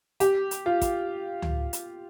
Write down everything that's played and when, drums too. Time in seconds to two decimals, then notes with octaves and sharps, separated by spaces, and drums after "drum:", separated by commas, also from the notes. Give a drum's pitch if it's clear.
0.20 G4, drum: hi-hat
0.51 drum: hi-hat
0.66 F4
0.81 drum: kick, hi-hat
1.42 drum: tom C#2
1.73 drum: hi-hat